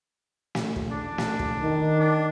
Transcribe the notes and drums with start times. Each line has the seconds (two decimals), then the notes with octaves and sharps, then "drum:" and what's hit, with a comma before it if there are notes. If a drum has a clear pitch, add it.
0.55 drum: snare
0.76 drum: kick
0.91 D4
1.18 drum: snare
1.39 drum: kick
1.60 D#3
2.00 D4